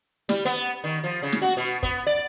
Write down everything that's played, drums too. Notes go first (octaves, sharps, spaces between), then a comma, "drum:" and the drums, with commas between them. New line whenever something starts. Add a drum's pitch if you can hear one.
G3, drum: snare
B3
D#3
F3
C#3
drum: snare
F#4
B2
B3, drum: kick
D5